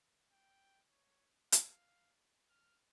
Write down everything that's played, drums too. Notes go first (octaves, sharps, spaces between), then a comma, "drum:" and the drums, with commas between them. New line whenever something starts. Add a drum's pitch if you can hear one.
G5
C#5
F5, drum: hi-hat
F6